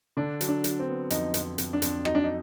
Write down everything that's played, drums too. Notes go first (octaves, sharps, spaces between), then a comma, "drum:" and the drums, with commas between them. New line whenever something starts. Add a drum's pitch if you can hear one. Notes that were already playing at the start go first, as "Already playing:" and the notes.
D3 D4
F#3, drum: hi-hat
D4
F#3, drum: hi-hat
C4
B3
F2 D#4, drum: hi-hat
F2, drum: hi-hat
F2, drum: hi-hat
D4
F2, drum: hi-hat
F#3 D#4, drum: rim click
D4
D#4